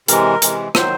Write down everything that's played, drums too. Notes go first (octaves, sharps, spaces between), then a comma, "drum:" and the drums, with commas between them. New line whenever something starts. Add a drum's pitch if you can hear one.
C3 E3 G#3 A#4, drum: hi-hat
C3 E3 G#3, drum: hi-hat
D#3 F#3 C5, drum: rim click